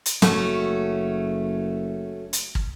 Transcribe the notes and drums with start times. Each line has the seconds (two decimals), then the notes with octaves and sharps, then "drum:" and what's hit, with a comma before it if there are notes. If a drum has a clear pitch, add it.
0.06 drum: hi-hat
0.22 F#1 A3 C#4 F#4, drum: snare
2.33 drum: hi-hat
2.55 drum: kick